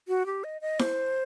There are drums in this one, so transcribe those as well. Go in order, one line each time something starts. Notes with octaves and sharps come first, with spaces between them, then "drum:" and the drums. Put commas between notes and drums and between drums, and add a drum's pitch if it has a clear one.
F#4
G4
D#5
D#5
C5, drum: snare E4